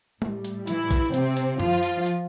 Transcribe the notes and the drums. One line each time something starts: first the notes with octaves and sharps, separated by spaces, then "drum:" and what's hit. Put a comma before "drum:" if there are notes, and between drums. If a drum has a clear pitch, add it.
A2 G3, drum: tom G#3
drum: hi-hat
E3 E4, drum: hi-hat
drum: kick, hi-hat
C3 C4, drum: hi-hat
drum: hi-hat
F3 F4, drum: tom F#2
drum: hi-hat
drum: hi-hat